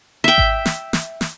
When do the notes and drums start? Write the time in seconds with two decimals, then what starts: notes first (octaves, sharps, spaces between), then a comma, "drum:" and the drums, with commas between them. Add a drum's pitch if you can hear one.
0.24 E5 G5
0.38 drum: kick G#1
0.65 drum: snare
0.93 drum: snare
1.21 drum: snare